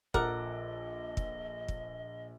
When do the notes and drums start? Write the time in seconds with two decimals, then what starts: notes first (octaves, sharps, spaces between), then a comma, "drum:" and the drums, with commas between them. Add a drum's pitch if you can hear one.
0.14 A#1 F3 A4 A#4 D#5 F#5 D6, drum: kick
1.17 drum: kick
1.68 drum: kick